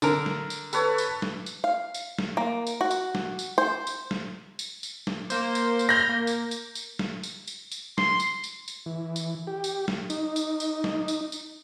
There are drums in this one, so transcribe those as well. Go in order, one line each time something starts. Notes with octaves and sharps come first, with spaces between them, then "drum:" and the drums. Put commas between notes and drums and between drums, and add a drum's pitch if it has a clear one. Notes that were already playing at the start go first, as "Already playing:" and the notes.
D3 A#4, drum: tambourine
drum: snare
drum: tambourine
A4 B4 C#5, drum: tambourine
drum: tambourine
drum: snare
drum: tambourine
F5
drum: tambourine
drum: snare
A#3
drum: tambourine
F#4
drum: tambourine
drum: snare
drum: tambourine
C5
drum: tambourine
drum: snare
drum: tambourine
drum: tambourine
drum: snare
A#3 C5, drum: tambourine
drum: tambourine
drum: tambourine
B5 F6 G6 A#6
A#3
drum: tambourine
drum: tambourine
drum: tambourine
drum: snare
drum: tambourine
drum: tambourine
drum: tambourine
C6, drum: snare
drum: tambourine
drum: tambourine
drum: tambourine
E3
drum: tambourine
G4
drum: tambourine
drum: snare
D#4, drum: tambourine
drum: tambourine
drum: tambourine
drum: snare
drum: tambourine
drum: tambourine